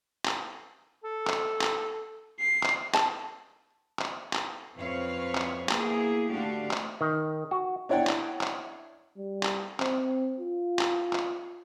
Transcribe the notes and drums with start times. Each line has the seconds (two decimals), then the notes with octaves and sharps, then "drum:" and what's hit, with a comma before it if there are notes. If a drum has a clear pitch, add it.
0.25 drum: clap
1.04 A4
1.27 drum: clap
1.61 drum: clap
2.40 C7
2.63 drum: clap
2.94 A5, drum: clap
3.99 drum: clap
4.33 drum: clap
4.78 F2 C4 B4 C#5 F5
5.35 drum: clap
5.69 A#3 B3 E4 G#4, drum: clap
6.30 D3 A3 D4 F#4 G4 F5
6.71 drum: clap
7.01 D#3
7.51 F#4
7.89 D4 E4 C#5 D5 F#5 G5
8.07 drum: clap
8.41 drum: clap
9.17 G3
9.43 drum: clap
9.80 C4, drum: clap
10.40 F4
10.79 drum: clap
11.13 drum: clap